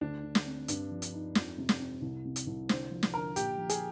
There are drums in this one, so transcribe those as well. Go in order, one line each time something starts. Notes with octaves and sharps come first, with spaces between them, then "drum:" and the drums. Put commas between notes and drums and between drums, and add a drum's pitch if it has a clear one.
D2 D4
D3
drum: snare
C4
G2, drum: hi-hat
F3
drum: hi-hat
D#4
F2, drum: snare
C3
drum: snare
C4
C2
C3
drum: hi-hat
C2
D3 C4, drum: snare
F3
drum: snare
D3 A#4
A#2 G4, drum: hi-hat
F3
G#4, drum: hi-hat